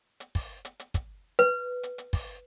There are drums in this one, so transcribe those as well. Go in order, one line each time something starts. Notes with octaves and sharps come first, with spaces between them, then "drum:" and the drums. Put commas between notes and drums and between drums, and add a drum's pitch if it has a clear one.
drum: hi-hat
drum: kick, open hi-hat
drum: hi-hat
drum: hi-hat
drum: kick, hi-hat
B4
drum: hi-hat
drum: hi-hat
drum: kick, open hi-hat